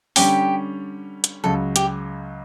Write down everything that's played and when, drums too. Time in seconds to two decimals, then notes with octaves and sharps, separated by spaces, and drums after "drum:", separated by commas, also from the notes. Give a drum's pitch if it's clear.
0.16 D3 G3 C#4 G4, drum: open hi-hat
1.24 drum: hi-hat
1.44 C#2 C#3 F#3 A4
1.76 G4, drum: hi-hat